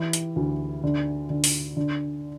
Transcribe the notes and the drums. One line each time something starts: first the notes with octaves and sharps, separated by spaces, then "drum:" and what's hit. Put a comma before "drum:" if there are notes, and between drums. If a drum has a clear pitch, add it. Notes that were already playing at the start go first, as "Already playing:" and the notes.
Already playing: E3 G4
drum: hi-hat
D2
D3
D3
drum: open hi-hat
D3